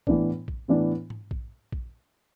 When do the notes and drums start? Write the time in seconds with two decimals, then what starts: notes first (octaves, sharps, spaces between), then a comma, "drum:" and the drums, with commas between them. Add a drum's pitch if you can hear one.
0.07 A2 E3 B3 D4, drum: kick A#1
0.48 drum: kick A#1
0.68 A2 E3 B3 D4
1.10 drum: tom G#2
1.31 drum: kick A#1
1.72 drum: kick A#1